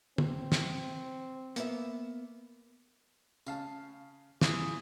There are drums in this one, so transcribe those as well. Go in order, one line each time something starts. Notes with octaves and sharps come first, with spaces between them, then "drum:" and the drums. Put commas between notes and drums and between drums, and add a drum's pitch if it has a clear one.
C4, drum: tom
drum: snare
A#3 B3 E5, drum: hi-hat
C#3 F5 A5, drum: tambourine
E3 F4 G#4, drum: snare